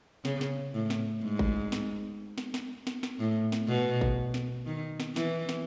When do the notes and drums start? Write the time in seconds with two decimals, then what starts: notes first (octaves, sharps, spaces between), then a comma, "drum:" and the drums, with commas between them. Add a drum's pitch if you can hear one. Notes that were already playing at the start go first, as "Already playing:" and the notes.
0.25 C#3, drum: snare
0.41 drum: snare
0.74 A2
0.90 drum: snare
1.23 G#2
1.39 drum: kick G#1
1.72 drum: snare
2.38 drum: snare
2.54 drum: snare
2.87 drum: snare
3.03 drum: snare
3.20 A2
3.52 drum: snare
3.68 B2
4.01 drum: kick G#1
4.34 drum: snare
4.67 D#3
5.00 drum: snare
5.16 E3, drum: snare
5.49 drum: snare